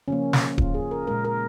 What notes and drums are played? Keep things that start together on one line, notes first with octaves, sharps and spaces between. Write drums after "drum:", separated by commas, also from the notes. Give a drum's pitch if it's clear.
C#3 F3 A#3 C#4
drum: snare
F4, drum: kick D1
G#4
A#4
A#2 G#3 A#4
A#4